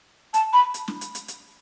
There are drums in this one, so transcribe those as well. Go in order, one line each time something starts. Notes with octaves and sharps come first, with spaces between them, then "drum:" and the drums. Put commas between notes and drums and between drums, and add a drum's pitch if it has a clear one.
A5, drum: hi-hat
B5
drum: hi-hat
drum: snare
drum: hi-hat
drum: hi-hat
drum: hi-hat